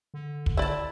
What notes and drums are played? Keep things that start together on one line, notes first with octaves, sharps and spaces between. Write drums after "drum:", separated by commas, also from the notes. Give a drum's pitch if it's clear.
D3
drum: kick
E4 D5 E5 A5